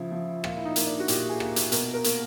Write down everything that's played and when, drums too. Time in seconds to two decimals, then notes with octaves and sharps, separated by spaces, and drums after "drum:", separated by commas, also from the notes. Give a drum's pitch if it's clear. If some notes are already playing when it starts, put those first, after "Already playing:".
Already playing: C#3 F3 E4
0.12 F3
0.44 A#2 F4, drum: rim click
0.57 E4
0.65 D#4
0.76 A#3, drum: hi-hat
0.86 D4
1.00 F#4
1.08 A#2 G4, drum: hi-hat
1.30 G#4
1.40 A#3, drum: rim click
1.56 drum: hi-hat
1.72 B2 A#4, drum: hi-hat
1.94 A#4
2.04 A#3, drum: hi-hat